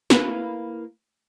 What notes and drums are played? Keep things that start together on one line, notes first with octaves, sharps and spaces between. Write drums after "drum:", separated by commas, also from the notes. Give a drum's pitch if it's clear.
A#3 E4 B4, drum: snare